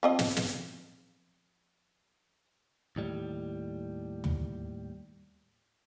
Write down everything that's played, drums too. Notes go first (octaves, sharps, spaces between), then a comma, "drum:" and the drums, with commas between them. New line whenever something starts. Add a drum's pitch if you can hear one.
F3 C4 D#5
drum: snare
drum: snare
D#2 A2 G3
drum: tom